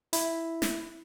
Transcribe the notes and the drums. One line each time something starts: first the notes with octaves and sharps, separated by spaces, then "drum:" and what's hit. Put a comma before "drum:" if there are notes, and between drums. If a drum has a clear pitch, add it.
E4, drum: hi-hat
drum: snare